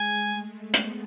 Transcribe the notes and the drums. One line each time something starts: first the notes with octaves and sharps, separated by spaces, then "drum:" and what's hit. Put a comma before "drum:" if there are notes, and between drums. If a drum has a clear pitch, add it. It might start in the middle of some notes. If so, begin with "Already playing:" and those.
Already playing: G#3 G#5
A3
B3, drum: hi-hat